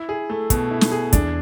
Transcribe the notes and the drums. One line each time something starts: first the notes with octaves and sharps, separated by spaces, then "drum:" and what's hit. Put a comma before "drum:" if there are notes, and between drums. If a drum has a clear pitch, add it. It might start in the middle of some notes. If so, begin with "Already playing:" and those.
Already playing: E4
G#4
A3
B2, drum: kick, hi-hat
E4
drum: snare
G#4
E2 D4, drum: kick, hi-hat